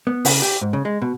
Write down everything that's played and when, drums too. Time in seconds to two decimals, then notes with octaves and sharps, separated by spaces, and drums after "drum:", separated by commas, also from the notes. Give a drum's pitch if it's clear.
0.07 B3
0.25 C#3, drum: open hi-hat
0.42 G4
0.61 G#2
0.73 C#3
0.85 G#3
1.02 B2